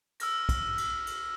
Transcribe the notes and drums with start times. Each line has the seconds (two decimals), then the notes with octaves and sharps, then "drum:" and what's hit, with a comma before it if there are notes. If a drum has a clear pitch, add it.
0.20 E6 F6 A#6, drum: cymbal
0.49 drum: kick, cymbal
0.78 drum: cymbal
1.07 drum: cymbal